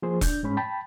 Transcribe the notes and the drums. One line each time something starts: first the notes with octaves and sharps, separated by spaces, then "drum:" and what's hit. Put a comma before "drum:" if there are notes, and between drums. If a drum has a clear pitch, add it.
F3 A#3 G#4 C5
D4 G6, drum: kick E1, hi-hat
G#2 G#3 C#4 B5
G5 A5 B5